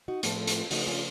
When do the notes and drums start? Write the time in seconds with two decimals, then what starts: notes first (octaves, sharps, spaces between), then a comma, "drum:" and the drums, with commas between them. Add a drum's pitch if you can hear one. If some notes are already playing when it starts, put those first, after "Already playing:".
0.08 D#4 F#4
0.23 A2 F3 A3 F4 A4, drum: hi-hat
0.47 drum: hi-hat
0.71 C#3 F3 A3 D#4 F#4, drum: open hi-hat
0.87 C#4 F4